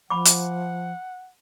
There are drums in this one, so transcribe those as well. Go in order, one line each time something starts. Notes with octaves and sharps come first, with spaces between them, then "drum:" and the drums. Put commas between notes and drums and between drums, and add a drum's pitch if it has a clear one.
F3 F#5 B5 D6
drum: hi-hat